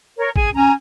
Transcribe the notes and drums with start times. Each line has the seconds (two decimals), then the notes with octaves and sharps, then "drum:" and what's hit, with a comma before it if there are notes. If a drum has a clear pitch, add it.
0.17 A#4 C#5
0.36 G#4 G#5, drum: kick
0.55 C#4 G#5 A#5